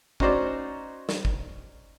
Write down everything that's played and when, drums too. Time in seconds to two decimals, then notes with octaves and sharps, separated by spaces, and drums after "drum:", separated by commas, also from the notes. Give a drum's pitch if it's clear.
0.20 C#4 D#4 F#4 C5 D5, drum: kick
1.09 drum: snare
1.25 drum: kick